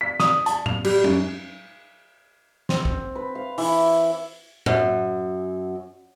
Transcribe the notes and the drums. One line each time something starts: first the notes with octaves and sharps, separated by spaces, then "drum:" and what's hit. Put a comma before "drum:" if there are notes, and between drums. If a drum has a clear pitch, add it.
B6
D#6, drum: snare
A5, drum: hi-hat
F7, drum: tom A2
G3, drum: cymbal
F#2, drum: tom F#3
C4, drum: snare
drum: kick A#1
B4
F5
E3, drum: open hi-hat
F#2, drum: tom A2